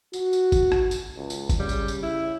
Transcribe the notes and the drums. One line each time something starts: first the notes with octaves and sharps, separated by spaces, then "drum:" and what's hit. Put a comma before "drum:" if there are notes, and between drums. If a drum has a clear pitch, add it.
F#4, drum: tambourine
drum: tambourine
drum: kick G#1, tambourine
drum: rim click
drum: tambourine
C#2
drum: tambourine
drum: kick G#1, tambourine
C#3 G3
drum: tambourine
drum: tambourine
E4